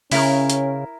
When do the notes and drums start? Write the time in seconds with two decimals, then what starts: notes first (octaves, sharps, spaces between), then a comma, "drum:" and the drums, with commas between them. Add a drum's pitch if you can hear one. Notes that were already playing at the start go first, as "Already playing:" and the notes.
0.12 C#3 C#4 E4 A#4, drum: open hi-hat
0.50 drum: hi-hat